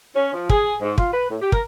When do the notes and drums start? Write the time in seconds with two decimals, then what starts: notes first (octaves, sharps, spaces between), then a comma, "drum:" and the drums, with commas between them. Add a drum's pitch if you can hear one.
0.14 C#4
0.33 F3
0.49 G#4, drum: kick
0.81 G#2
0.98 F4, drum: kick
1.11 B4
1.29 A2
1.40 G4
1.52 A#4, drum: kick